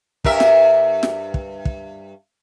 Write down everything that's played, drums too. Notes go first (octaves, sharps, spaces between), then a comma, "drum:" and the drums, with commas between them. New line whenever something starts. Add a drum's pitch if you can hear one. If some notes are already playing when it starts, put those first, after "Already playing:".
G2 A#4 E5, drum: kick
drum: snare
drum: snare
drum: kick
drum: kick